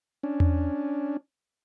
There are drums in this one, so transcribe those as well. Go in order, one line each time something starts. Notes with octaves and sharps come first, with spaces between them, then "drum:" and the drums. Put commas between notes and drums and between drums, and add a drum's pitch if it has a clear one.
C#4 D4
drum: tom E2